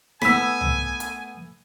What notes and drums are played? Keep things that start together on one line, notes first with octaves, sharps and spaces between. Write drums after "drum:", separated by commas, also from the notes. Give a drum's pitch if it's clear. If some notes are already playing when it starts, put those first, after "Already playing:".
A3 B3 G#5 B5 E6 B6, drum: snare
drum: tom C2
drum: hi-hat